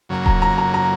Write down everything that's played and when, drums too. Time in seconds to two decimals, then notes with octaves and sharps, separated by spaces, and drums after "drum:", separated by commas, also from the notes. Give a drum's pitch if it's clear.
0.09 F#2 C#3 F#3 A#3
0.26 A#5, drum: kick D#1
0.42 A#5
0.58 A#5
0.74 A#5